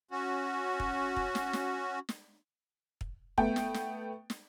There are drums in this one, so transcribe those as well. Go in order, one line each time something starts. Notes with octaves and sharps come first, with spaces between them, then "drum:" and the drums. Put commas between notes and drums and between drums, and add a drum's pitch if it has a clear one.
C#4 F#4
drum: kick
drum: kick
drum: snare
drum: snare
drum: snare
drum: kick
A3 B3 G5, drum: kick
drum: snare
drum: snare
drum: snare